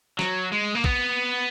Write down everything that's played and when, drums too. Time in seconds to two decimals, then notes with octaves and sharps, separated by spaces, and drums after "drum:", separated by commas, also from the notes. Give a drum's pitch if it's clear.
0.19 F#3, drum: snare
0.52 G#3
0.75 A#3
0.84 B3, drum: kick